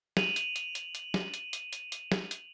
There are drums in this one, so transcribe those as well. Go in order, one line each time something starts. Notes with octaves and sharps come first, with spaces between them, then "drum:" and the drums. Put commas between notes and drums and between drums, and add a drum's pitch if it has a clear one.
D#7 F7 F#7, drum: snare
drum: hi-hat
drum: hi-hat
drum: hi-hat
drum: hi-hat
drum: snare
drum: hi-hat
drum: hi-hat
drum: hi-hat
drum: hi-hat
drum: snare
drum: hi-hat